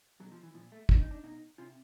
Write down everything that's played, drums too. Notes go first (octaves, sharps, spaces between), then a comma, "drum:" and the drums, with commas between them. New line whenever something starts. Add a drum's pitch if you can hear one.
B2 F#3
F3
E3
A#2 F3
A3
A#2 D4, drum: kick
D#4
D4
B2 D#4
C3 F4